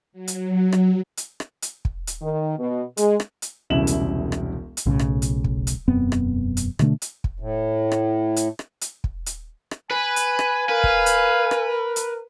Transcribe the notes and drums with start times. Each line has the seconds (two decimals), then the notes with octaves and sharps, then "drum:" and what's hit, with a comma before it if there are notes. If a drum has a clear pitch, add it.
0.12 F#3
0.28 drum: hi-hat
0.72 drum: rim click
1.17 drum: hi-hat
1.40 drum: rim click
1.62 drum: hi-hat
1.85 drum: kick
2.07 drum: hi-hat
2.22 D#3
2.59 B2
2.97 G#3, drum: hi-hat
3.20 drum: rim click
3.42 drum: hi-hat
3.70 E1 C2 C#3 E4 E7 F#7
3.87 drum: hi-hat
4.32 drum: rim click
4.77 drum: hi-hat
4.86 B1 A2 C#3
4.99 drum: rim click
5.22 drum: hi-hat
5.44 drum: kick
5.67 drum: hi-hat
5.88 E1 F#2 B3 C4
6.12 drum: rim click
6.57 drum: hi-hat
6.79 B2 D3 A3 D4, drum: rim click
7.02 drum: hi-hat
7.24 drum: kick
7.40 A2
7.92 drum: rim click
8.36 drum: hi-hat
8.59 drum: rim click
8.81 drum: hi-hat
9.04 drum: kick
9.26 drum: hi-hat
9.71 drum: rim click
9.91 B4 G#5
10.16 drum: hi-hat
10.39 drum: rim click
10.69 A#4 B4 F5
10.84 drum: kick
11.06 drum: hi-hat
11.51 drum: rim click
11.96 drum: hi-hat